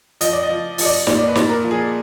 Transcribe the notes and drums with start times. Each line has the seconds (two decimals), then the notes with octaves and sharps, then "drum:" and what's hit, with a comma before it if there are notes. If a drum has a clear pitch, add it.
0.21 F3 D#5, drum: hi-hat
0.33 D5
0.43 D#5
0.49 F3
0.78 F3 D#5, drum: open hi-hat
0.85 D5
1.07 A#2 D5, drum: snare
1.19 D5
1.28 B4
1.36 A#2, drum: snare
1.49 A#4
1.64 F3
1.71 G#4